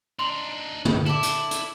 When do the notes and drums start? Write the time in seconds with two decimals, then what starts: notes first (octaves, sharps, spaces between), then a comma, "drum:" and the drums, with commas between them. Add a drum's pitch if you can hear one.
0.19 D4 D#4 C6 F#7
0.85 drum: tom
1.06 E4 A4 D5
1.23 drum: hi-hat
1.51 drum: hi-hat